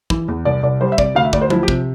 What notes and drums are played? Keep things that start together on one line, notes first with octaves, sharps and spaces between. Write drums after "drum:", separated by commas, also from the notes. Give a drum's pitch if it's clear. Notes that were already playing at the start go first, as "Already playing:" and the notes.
E3, drum: kick
E2
C2 D5
C2 D5
G3 C5
E5
C3 D5, drum: kick
D2 F5
E5
D2 D5, drum: kick
C5
F3 E4, drum: tom F#3
G4
C3, drum: kick